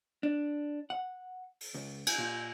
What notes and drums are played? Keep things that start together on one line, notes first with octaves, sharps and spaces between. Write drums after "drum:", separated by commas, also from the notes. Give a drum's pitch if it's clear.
D4
F#5
drum: open hi-hat
C#2
drum: cymbal
A#2